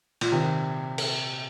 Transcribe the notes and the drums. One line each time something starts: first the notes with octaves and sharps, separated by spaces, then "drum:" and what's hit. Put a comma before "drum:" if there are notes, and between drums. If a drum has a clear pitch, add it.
A#2, drum: cymbal
C3 D#3
drum: cymbal